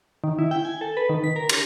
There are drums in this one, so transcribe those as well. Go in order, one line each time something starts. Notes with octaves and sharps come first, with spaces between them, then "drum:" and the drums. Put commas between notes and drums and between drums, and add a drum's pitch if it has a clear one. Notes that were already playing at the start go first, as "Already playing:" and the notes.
D#3
E4
G5
G#5
A4
B4
D#3
B6
A#4
A#6, drum: cymbal